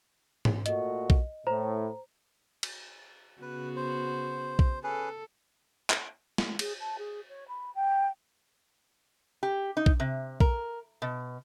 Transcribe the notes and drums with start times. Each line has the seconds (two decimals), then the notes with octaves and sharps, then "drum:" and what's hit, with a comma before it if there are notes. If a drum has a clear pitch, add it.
0.45 drum: tom G#2
0.66 A#2 A3 F#4 D#5, drum: hi-hat
1.10 drum: kick B1
1.47 A2 C5 A#5
2.63 drum: cymbal
3.42 C#3 B3 F#4 B4
3.76 C5
4.59 drum: kick B1
4.83 C#4 G#4 A4 B4
5.90 drum: clap
6.38 drum: snare
6.59 G#4, drum: cymbal
6.80 A5
6.98 G#4
7.29 C#5
7.48 B5
7.75 G5
9.43 G4
9.77 D#4
9.86 drum: kick B1
10.00 C3
10.40 A#4, drum: kick B1
11.02 B2